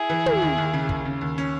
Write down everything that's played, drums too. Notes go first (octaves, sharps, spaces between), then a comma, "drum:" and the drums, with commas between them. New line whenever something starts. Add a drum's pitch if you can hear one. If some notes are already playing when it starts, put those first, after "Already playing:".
Already playing: E4 G#4
E3
D#2, drum: tom
D#2
D#2
C#3
D#2, drum: kick
C#3
D#2
C#4